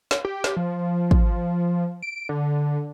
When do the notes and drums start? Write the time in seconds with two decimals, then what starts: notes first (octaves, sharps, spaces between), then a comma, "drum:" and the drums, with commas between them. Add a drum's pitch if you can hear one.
0.11 drum: snare
0.25 G4
0.44 drum: snare
0.56 F3
1.11 drum: kick
2.02 D7
2.29 D3